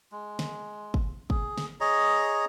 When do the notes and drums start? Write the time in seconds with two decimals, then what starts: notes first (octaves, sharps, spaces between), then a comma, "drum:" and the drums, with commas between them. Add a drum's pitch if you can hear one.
0.12 G#3
0.39 drum: snare
0.94 drum: kick
1.30 G#4, drum: kick
1.58 drum: snare
1.80 G#4 C#5 D#5 A#5